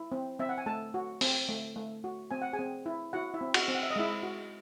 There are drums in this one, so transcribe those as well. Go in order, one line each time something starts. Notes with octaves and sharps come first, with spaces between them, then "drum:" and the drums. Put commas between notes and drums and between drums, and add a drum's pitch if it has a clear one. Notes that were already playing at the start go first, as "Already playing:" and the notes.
Already playing: E4
C4
C4 E5
F#5
G#5
A3 A4 A5
F#4
C4, drum: open hi-hat
A3
A3
F#4
C4 G#5
F#5
G#4 G#5
C4
E4
E4 F#4 F#5
E4 E5
C4
F#4 F#5, drum: cymbal
C4
F#5
E5
D#5
G#3 E4 E5
F#4